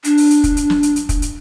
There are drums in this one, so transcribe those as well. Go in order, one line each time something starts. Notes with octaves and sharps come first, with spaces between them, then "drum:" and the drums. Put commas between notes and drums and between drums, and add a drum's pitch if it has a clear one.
D4, drum: hi-hat
drum: open hi-hat
drum: hi-hat
drum: kick, hi-hat
drum: hi-hat
drum: snare
drum: hi-hat
drum: hi-hat
drum: kick, hi-hat
drum: hi-hat